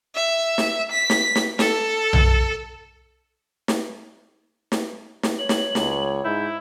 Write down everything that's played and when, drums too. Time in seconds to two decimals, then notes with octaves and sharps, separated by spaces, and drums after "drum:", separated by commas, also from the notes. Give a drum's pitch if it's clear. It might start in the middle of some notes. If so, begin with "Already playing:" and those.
0.15 E5
0.58 drum: snare
0.91 B6
1.10 drum: snare
1.35 drum: snare
1.59 A4, drum: snare
2.13 drum: tom B1
3.68 drum: snare
4.72 drum: snare
5.23 drum: snare
5.39 C#5 F#7
5.49 drum: snare
5.75 C#2, drum: snare
6.24 G#2 E4 G6